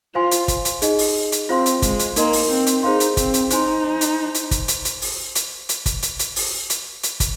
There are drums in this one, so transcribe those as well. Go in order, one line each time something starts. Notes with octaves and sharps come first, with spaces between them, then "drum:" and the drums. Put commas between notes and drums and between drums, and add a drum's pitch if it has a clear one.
F4 C5 F5 G#5 C6
drum: hi-hat
drum: kick, hi-hat
drum: hi-hat
D#4 G#4 D#5, drum: hi-hat
drum: open hi-hat
drum: hi-hat
C4 F4 C5 F5 C6
drum: hi-hat
G#3, drum: kick, hi-hat
drum: hi-hat
A#3 D#4 A#4 D#5 C6, drum: hi-hat
drum: open hi-hat
C4
drum: hi-hat
D#4 G#4 C5 F5 C6
drum: hi-hat
C4, drum: kick, hi-hat
drum: hi-hat
D#4 C5 G#5 C6, drum: hi-hat
drum: hi-hat
drum: hi-hat
drum: kick, hi-hat
drum: hi-hat
drum: hi-hat
drum: open hi-hat
drum: hi-hat
drum: hi-hat
drum: kick, hi-hat
drum: hi-hat
drum: hi-hat
drum: open hi-hat
drum: hi-hat
drum: hi-hat
drum: kick, hi-hat